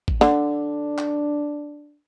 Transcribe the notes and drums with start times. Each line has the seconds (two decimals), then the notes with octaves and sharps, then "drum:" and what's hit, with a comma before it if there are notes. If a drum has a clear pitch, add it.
0.08 drum: kick A1
0.21 D3 D4, drum: snare
0.98 drum: clap